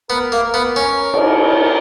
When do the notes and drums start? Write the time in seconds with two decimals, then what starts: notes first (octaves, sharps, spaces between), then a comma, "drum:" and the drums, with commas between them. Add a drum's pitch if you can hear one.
0.10 B3 A#4
0.32 A#3
0.54 B3
0.76 C#4
1.14 drum: cymbal